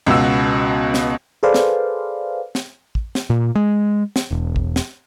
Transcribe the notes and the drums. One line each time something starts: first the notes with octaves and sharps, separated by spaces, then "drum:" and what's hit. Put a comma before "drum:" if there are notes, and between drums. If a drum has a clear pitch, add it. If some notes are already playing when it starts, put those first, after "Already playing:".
C#2 B2 F#4 E6
drum: snare
G#4 A4 B4 C5 D5 F5
drum: snare
drum: snare
drum: kick
drum: snare
A#2
G#3
drum: snare
E1
drum: kick
drum: snare